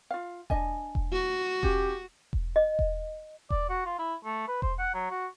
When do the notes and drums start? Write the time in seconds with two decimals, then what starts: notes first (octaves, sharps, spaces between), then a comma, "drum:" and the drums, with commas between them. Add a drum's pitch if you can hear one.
0.11 F4 F5
0.50 D4 D#5 G#5, drum: kick E1
0.95 drum: kick E1
1.13 F#4
1.63 C#4 G4, drum: kick E1
2.33 drum: kick E1
2.56 D#5
2.79 drum: kick E1
3.50 D5, drum: kick E1
3.70 F#4
3.86 F4
3.99 E4
4.25 A3
4.48 B4
4.62 C5, drum: kick E1
4.79 F#5
4.94 F#3
5.11 F#4